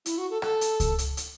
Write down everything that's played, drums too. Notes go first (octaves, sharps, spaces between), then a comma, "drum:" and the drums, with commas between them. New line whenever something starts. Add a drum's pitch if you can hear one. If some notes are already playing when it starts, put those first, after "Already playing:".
E4, drum: hi-hat
F#4
A4
A4, drum: rim click
drum: hi-hat
drum: kick C#2, hi-hat
drum: hi-hat
drum: hi-hat